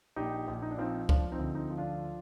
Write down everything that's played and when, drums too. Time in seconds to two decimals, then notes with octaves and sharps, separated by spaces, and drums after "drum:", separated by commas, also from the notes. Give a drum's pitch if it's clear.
0.16 A#1 D#4 G4
0.48 A#1
0.62 D#4
0.71 D4
0.78 F3 C4 D#4
1.09 F3 D4 F4, drum: kick C#2
1.32 C4 D#4
1.39 D2
1.55 C4 D#4
1.70 F3
1.78 D4 F4